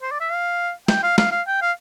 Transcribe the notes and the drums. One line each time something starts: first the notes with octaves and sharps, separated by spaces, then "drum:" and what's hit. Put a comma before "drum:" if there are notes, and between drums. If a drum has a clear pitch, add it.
C5
D5
E5
F5
G5, drum: snare
F5
F5, drum: snare
F5
G5
F5